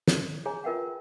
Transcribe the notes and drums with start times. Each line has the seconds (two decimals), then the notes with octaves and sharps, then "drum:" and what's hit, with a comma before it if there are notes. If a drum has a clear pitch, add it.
0.08 C#5, drum: snare
0.46 G#4 C#5 G#5 A#5
0.64 F4 A#4 B4 E5 F#5 G5